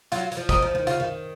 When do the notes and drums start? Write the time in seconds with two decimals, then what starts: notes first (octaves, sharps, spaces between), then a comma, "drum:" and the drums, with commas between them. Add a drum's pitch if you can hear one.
0.12 F#3 F4, drum: hi-hat
0.32 F#3, drum: hi-hat
0.37 F3
0.49 A#4 D#5, drum: kick, hi-hat
0.62 F3
0.75 D#3
0.87 C#3 F4, drum: hi-hat
1.00 D#3